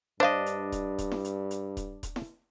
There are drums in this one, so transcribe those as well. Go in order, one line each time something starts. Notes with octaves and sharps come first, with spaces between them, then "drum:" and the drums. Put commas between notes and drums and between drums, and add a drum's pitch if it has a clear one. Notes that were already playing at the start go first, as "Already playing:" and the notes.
G2 D4 C5 D#5 F5
drum: hi-hat
drum: kick D#1, hi-hat
drum: kick D#1, hi-hat
drum: snare E4
drum: hi-hat
drum: hi-hat
drum: kick D#1, hi-hat
drum: kick D#1, hi-hat
drum: snare E4